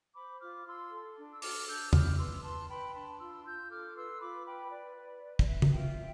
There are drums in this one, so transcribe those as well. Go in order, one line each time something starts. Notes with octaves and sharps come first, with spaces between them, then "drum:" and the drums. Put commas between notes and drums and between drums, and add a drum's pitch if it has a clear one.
C5 B5 D6
F4 D6 F6
F4 C6 E6
A4
D4
E6
A4 D6 F6, drum: open hi-hat
D4 E6 G6
E4 D6 F6, drum: tom
B4 C6 E6
B4 A5 C6
B4 G5 B5
D4 A5 C6
F4 C6 E6
F4 E6 G6
A4 D6 F6
B4 C6 E6
F4 B5 D6
B4 G5 B5
B4 D5
B4
B4
D5, drum: kick
B4 E5
drum: tom
F4 E5 G5